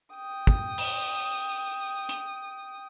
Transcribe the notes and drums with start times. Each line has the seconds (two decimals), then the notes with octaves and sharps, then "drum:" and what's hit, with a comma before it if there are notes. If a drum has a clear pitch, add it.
0.14 G5 D#6
0.47 drum: kick
0.78 drum: open hi-hat
2.09 drum: hi-hat